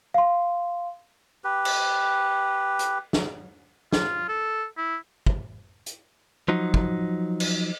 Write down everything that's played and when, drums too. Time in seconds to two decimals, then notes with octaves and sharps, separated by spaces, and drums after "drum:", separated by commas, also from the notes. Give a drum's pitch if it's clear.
0.14 F5 C6
1.44 G4 B4
1.65 drum: cymbal
2.79 drum: hi-hat
3.13 drum: snare
3.92 F4, drum: snare
4.29 A4
4.77 E4
5.26 drum: kick
5.86 drum: hi-hat
6.48 F3 F#3 D#4
6.74 drum: kick
7.40 drum: cymbal